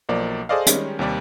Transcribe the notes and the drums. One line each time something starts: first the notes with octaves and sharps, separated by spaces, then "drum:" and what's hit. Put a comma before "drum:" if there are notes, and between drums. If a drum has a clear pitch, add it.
B1 F3 A#3 D5
G#4 A4 C5 D5 D#5 F5
D#3 G3 G#3 C#4, drum: hi-hat
D#2 C3 G3 D5